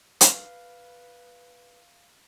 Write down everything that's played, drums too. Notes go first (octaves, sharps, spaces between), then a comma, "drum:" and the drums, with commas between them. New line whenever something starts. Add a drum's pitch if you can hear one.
B4 F5, drum: hi-hat